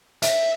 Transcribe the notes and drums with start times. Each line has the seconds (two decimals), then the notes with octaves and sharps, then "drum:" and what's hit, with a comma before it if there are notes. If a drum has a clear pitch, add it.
0.23 E5, drum: hi-hat